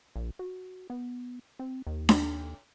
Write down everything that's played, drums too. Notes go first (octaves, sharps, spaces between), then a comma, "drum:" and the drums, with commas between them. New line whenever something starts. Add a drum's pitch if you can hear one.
A#1
F#4
B3
C4
D#2
drum: snare D4